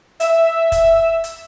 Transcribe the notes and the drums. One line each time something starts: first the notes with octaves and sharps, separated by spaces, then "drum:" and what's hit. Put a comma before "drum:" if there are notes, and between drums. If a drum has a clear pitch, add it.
E5, drum: hi-hat
drum: kick, hi-hat
drum: hi-hat